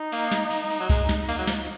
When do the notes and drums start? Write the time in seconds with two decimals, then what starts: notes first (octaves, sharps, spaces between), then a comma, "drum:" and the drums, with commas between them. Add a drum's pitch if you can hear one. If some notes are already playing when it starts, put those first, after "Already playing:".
Already playing: D#4
0.12 A#3, drum: cymbal
0.32 drum: snare
0.51 drum: cymbal
0.70 drum: cymbal
0.80 F#3
0.90 G#3 D#4, drum: kick C2, cymbal
1.09 drum: snare
1.28 A#3, drum: cymbal
1.38 F#3
1.47 F3, drum: snare